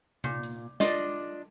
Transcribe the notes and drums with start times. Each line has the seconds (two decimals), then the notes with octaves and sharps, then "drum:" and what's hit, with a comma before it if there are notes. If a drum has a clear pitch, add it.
0.24 A#2, drum: tom C3
0.43 drum: hi-hat
0.80 D4 F4 D5 D#5, drum: snare